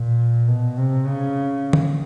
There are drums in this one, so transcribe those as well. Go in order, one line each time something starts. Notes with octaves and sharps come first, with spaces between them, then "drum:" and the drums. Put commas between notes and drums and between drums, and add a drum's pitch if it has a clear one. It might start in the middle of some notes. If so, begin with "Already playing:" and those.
Already playing: A#2
B2
C3
C#3
drum: tom D3